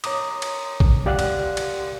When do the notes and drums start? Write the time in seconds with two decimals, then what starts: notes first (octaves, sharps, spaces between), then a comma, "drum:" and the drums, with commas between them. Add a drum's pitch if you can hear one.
0.04 C#5 A#5 D6 D#6, drum: cymbal
0.42 drum: cymbal
0.80 drum: kick
1.06 C#2 G4 D5 F5 F#5 F#6
1.19 drum: cymbal
1.57 drum: cymbal